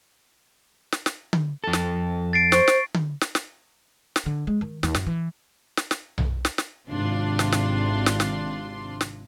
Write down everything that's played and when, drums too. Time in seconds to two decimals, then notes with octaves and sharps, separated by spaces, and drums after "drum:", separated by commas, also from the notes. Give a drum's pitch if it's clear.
0.92 drum: snare
1.06 drum: snare
1.33 drum: tom D3
1.64 F2 A4
1.73 drum: snare
2.33 A6 C7 D7
2.52 C5 C#6, drum: snare
2.68 drum: snare
2.94 drum: tom D3
3.21 drum: snare
3.35 drum: snare
4.16 drum: snare
4.26 D3
4.47 G#3
4.61 D#3
4.83 D#2, drum: snare
4.95 F#2, drum: snare
5.07 E3
5.77 drum: snare
5.91 drum: snare
6.18 drum: tom B1
6.45 drum: snare
6.58 drum: snare
6.90 G#1 C3 D4 F4 C6
7.39 drum: snare
7.52 drum: snare
8.06 drum: snare
8.20 drum: snare
9.01 drum: snare